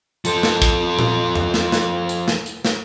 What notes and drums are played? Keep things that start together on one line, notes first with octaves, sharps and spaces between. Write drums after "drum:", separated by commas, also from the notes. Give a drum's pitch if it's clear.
F3 A4, drum: hi-hat
drum: snare
drum: kick, hi-hat
drum: tom A#2
drum: tom E2
drum: snare
drum: snare
drum: hi-hat
drum: snare
drum: hi-hat
drum: snare